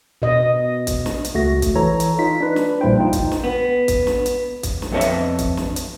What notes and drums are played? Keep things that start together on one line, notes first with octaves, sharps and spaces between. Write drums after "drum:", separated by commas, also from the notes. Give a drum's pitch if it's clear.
B2 D#5
drum: kick, hi-hat
drum: snare
drum: hi-hat
C#2 A3 F#4 A#6
drum: kick, hi-hat
E3 A4 C#5 A#5
drum: hi-hat
D#4 F4 B6
D4 B4
drum: snare
A#1 A#2 G3 E4 C5 G5
D#4 F4 G5
drum: kick, hi-hat
drum: snare
B3
drum: kick, hi-hat
drum: snare
drum: hi-hat
drum: kick, hi-hat
drum: snare
F2 B3 A4 C#5 D#5 E5
drum: hi-hat
drum: kick, hi-hat
drum: snare
drum: hi-hat